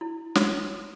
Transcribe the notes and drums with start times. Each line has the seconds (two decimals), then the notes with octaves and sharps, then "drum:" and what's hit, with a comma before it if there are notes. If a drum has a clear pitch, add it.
0.01 E4
0.35 C#5, drum: snare